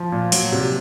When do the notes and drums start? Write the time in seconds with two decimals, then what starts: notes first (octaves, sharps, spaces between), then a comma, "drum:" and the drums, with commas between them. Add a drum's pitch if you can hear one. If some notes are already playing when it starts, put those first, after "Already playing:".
Already playing: F3
0.12 A#2
0.32 F#3, drum: open hi-hat
0.52 C3